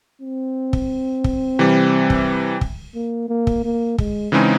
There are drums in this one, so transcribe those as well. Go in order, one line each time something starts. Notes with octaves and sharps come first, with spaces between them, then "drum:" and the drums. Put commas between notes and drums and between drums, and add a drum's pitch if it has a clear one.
C4
drum: kick
drum: kick
C3 E3 G3
drum: kick
drum: kick
A#3
A#3
drum: kick
A#3
G#3, drum: kick
C#3 E3 G#3 C4 D#4